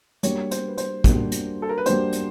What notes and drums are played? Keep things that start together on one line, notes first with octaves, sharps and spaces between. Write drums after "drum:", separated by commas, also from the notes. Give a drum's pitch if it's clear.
G3 A#3 D4 F#4 C#5, drum: hi-hat
C5, drum: hi-hat
B4
C5, drum: hi-hat
G3 A#3 D4 F#4, drum: kick, hi-hat
drum: hi-hat
A4
A#4
B4
G3 A#3 D4 F#4 C5, drum: hi-hat
drum: hi-hat